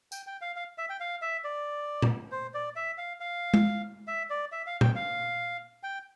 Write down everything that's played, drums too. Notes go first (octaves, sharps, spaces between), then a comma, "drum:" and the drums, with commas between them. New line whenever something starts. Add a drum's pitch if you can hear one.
G5, drum: tambourine
G5
F5
F5
E5
G5
F5
E5
D5
drum: tom A#2
C5
D5
E5
F5
F5
drum: tom G#3
E5
D5
E5
F5
G5, drum: tom A#2
F5
G5